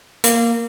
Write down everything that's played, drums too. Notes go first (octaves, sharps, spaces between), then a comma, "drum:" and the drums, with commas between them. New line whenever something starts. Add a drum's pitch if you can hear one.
A#3, drum: hi-hat